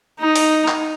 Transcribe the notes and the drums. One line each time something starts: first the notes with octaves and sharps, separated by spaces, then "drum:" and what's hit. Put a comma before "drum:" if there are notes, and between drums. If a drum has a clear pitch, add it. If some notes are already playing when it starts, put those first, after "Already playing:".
D#4
drum: open hi-hat
drum: clap